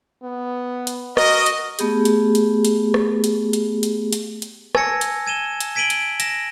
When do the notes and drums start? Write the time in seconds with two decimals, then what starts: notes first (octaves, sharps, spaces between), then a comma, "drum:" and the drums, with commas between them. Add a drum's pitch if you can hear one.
0.23 B3
0.87 drum: hi-hat
1.17 F#4 A#4 D#5, drum: rim click
1.46 drum: hi-hat
1.79 A3 B3 G4 G#4, drum: hi-hat
2.05 drum: hi-hat
2.35 drum: hi-hat
2.65 drum: hi-hat
2.94 drum: rim click
3.24 drum: hi-hat
3.53 drum: hi-hat
3.83 drum: hi-hat
4.13 drum: hi-hat
4.42 drum: hi-hat
4.75 G#5 A5 E6 G#6 A#6 C#7, drum: rim click
5.01 drum: hi-hat
5.27 G#6 D#7 E7 G7
5.60 drum: hi-hat
5.75 G#6 B6 D7 D#7 F#7 G7
5.90 drum: hi-hat
6.20 A#6 E7, drum: hi-hat